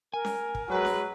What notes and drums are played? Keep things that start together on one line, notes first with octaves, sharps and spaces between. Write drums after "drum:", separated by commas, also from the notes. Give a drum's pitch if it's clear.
A#4 G#5
drum: snare C#4
drum: kick
F#3 G#3 B4
drum: snare C#4